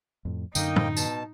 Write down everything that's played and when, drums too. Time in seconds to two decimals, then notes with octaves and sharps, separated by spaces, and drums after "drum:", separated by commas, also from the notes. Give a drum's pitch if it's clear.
0.25 F2 A2
0.55 F#2 D3 A#3 D#4 D#5 G5, drum: tambourine
0.76 drum: tom
0.97 B2 A5, drum: tambourine